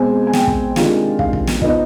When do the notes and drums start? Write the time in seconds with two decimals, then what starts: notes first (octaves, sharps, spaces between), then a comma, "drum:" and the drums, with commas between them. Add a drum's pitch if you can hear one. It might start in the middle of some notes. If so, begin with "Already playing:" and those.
Already playing: B2 G#3 C4 G#5
0.27 G#5
0.33 G5, drum: snare
0.47 drum: kick
0.76 C3 D#3 G#3 D4 F4, drum: snare
1.19 F5, drum: kick
1.33 drum: kick
1.47 drum: snare
1.62 F3 B3 D#4 D#5, drum: kick